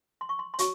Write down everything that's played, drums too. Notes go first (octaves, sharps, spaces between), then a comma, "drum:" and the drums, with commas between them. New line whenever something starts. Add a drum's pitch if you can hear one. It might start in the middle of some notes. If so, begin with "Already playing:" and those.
C6
C#6
C6
C6
F#4 C#5 C#6, drum: hi-hat